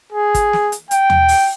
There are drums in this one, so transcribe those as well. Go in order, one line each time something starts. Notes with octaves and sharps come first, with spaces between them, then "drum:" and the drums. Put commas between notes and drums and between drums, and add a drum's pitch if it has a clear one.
G#4
drum: kick, hi-hat
drum: snare
drum: hi-hat
G5, drum: hi-hat
drum: tom
drum: open hi-hat